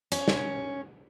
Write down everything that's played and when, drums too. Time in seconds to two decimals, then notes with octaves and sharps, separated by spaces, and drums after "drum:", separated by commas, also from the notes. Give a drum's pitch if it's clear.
0.12 C#4, drum: hi-hat
0.28 drum: snare